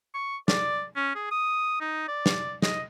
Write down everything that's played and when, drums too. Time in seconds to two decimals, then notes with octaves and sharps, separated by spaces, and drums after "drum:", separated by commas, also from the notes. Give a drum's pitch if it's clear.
0.14 C#6
0.48 D5, drum: snare
0.96 C#4
1.15 G#4
1.31 D#6
1.81 D#4
2.08 D5
2.26 drum: snare
2.62 D#5, drum: snare